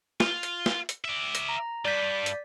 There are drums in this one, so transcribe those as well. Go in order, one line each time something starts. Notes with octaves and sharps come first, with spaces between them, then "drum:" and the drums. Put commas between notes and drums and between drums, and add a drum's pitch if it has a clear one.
F4, drum: snare
drum: hi-hat
drum: snare
drum: hi-hat
D5 E5
drum: hi-hat
A#5
G2 D5 G6 B6
drum: hi-hat